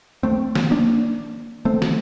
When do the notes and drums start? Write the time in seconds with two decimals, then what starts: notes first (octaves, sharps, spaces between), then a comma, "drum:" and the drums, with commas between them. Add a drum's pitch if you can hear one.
0.23 A3 C4
0.55 drum: snare
0.71 A#3 D4
1.65 A3 C4
1.82 drum: snare